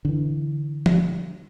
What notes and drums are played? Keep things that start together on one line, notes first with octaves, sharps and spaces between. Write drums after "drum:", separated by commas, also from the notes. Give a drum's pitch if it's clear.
D3 E3
drum: tom F3